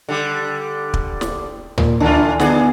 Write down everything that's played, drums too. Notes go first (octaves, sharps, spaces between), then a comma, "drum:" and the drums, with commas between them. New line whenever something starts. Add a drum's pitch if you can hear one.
D3 G3
drum: kick
drum: snare
A#2, drum: tom D2
D3 E3 D4 F4
D3 B3 D4 G#4, drum: snare